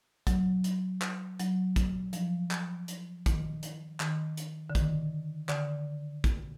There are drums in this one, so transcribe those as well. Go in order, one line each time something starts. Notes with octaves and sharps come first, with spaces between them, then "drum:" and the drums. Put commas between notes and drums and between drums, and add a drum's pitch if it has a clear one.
F#3, drum: kick, hi-hat
drum: hi-hat
drum: clap
F#3, drum: hi-hat
drum: kick, hi-hat
F3, drum: hi-hat
drum: clap
drum: hi-hat
D#3, drum: kick, hi-hat
drum: hi-hat
D#3, drum: clap
drum: hi-hat
D3
D#3, drum: kick, hi-hat
D3, drum: clap
drum: kick, hi-hat